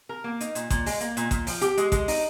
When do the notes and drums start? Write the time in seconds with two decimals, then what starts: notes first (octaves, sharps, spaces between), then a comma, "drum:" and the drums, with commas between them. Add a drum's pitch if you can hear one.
0.09 A#4
0.24 A#3
0.41 D#4, drum: hi-hat
0.55 A#2, drum: hi-hat
0.70 A#2, drum: kick A1, hi-hat
0.86 G#3, drum: open hi-hat
1.01 A#3, drum: hi-hat
1.17 A#2, drum: hi-hat
1.31 A#2, drum: kick A1, hi-hat
1.47 F3, drum: open hi-hat
1.61 G4, drum: hi-hat
1.77 G#3, drum: hi-hat
1.92 G#3, drum: kick A1, hi-hat
2.08 D#4, drum: open hi-hat